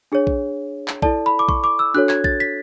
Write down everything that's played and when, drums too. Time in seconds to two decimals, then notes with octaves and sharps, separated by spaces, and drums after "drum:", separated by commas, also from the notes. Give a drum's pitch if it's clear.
0.12 D4 G#4 C#5
0.27 drum: kick A#1
0.88 drum: clap
1.02 E4 A4 D5 A5, drum: kick A#1
1.26 B5
1.39 D6
1.49 C#6, drum: kick A#1
1.64 D6
1.79 E6
1.94 D4 F#4 A4 C#5 F#6
2.09 G#6, drum: clap
2.24 A6, drum: kick A#1
2.40 B6